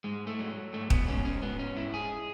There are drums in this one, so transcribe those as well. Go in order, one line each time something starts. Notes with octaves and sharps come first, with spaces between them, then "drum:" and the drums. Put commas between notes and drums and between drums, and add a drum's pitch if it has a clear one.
G#2 G#3
A3
F#3
G#2 A3
B3, drum: kick
G#2 C#4
C#4
G#2 B3
C#4
G#2 E4
G#4